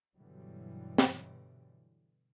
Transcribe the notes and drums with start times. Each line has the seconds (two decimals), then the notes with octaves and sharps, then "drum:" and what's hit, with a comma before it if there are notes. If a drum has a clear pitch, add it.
0.15 G2 B2 D3 E3 F#3 G3
0.98 drum: snare